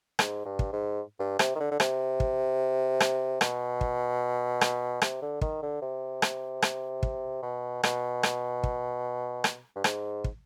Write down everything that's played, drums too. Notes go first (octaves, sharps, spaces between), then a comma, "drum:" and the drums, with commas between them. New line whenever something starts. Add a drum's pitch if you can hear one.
G#2, drum: rim click
G2
drum: kick
G#2
G2
C3, drum: rim click
D#3
D3
D3
C3, drum: rim click
drum: kick
drum: rim click
B2, drum: rim click
drum: kick
drum: rim click
C3, drum: rim click
D3
D#3, drum: kick
D3
C3
drum: rim click
drum: rim click
drum: kick
B2
B2, drum: rim click
drum: rim click
drum: kick
drum: rim click
G2
G#2, drum: rim click
drum: kick